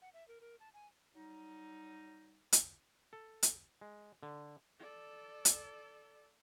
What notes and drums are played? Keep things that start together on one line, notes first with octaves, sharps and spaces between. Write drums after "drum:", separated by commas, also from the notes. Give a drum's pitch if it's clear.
F#5
E5
A#4
A#4
A5
G#5
F#3 G3 D#4
drum: hi-hat
A4
drum: hi-hat
G#3
D3
A4 D5
drum: hi-hat